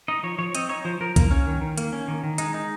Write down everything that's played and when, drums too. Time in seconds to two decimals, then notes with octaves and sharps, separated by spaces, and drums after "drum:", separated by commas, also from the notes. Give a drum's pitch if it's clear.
0.08 D#4 D#5
0.23 F3 C#5
0.38 F3 C#5
0.55 C4 D#5, drum: hi-hat
0.69 D#4 C#5
0.85 F3 C5
1.00 F3 A#4
1.16 A#3, drum: kick B1, hi-hat
1.31 C#4
1.47 D#3
1.61 D#3
1.78 A#3, drum: hi-hat
1.92 C#4
2.08 D#3
2.24 D#3
2.38 G#3 D#4, drum: hi-hat
2.54 D#4